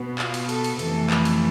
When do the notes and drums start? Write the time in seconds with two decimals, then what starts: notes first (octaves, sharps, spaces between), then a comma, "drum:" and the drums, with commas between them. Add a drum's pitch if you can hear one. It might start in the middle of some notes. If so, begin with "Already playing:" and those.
Already playing: B2 B3
0.19 F4, drum: clap
0.34 drum: cymbal
0.49 A4, drum: cymbal
0.64 drum: cymbal
0.79 F2 C3 E3 A3 A4, drum: cymbal
1.10 B4, drum: clap
1.25 drum: cymbal